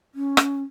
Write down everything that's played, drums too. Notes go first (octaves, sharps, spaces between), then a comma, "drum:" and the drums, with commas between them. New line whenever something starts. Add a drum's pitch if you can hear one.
C#4
drum: rim click